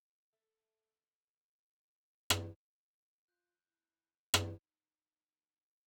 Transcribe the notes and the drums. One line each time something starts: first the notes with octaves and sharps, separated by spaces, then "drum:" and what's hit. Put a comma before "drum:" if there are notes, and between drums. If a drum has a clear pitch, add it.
A4 E5
drum: rim click
F4 F#6 G6
E4
drum: rim click
D#4